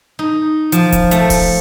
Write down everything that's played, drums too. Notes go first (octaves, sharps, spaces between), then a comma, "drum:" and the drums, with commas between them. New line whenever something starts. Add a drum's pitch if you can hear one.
D#4
F3, drum: hi-hat
drum: kick D#1, hi-hat
A3, drum: hi-hat
drum: kick D#1, open hi-hat